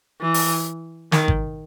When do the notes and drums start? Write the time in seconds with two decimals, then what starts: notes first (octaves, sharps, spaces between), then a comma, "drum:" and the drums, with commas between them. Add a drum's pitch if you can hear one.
0.21 E3
0.34 drum: open hi-hat
1.12 D#3, drum: snare
1.28 drum: kick G#1